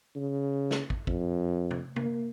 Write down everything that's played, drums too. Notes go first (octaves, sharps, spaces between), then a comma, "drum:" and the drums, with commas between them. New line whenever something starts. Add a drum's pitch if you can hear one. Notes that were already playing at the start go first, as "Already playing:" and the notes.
C#3
drum: snare
drum: kick
F2, drum: kick
drum: tom
A#3, drum: tom